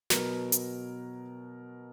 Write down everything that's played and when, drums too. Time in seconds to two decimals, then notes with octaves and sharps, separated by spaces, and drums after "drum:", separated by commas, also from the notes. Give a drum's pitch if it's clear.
0.10 B2 F#3 B3 A#4, drum: snare
0.52 drum: hi-hat